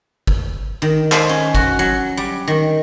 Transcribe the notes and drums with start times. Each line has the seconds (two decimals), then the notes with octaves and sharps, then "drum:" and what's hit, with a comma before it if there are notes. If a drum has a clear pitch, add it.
0.27 drum: kick G1
0.82 D#3
1.12 C5, drum: clap
1.29 C#4
1.55 F#4, drum: kick G1
1.79 F#3
2.17 G3
2.48 D#3